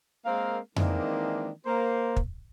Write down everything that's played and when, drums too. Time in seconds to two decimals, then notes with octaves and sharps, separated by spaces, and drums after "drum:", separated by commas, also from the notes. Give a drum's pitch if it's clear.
0.25 G#3 A#3 C4 A#4 F5
0.76 D#3 E3 G#3 A#3 C4 D4, drum: tom F2
1.65 A#3 C5
2.16 drum: kick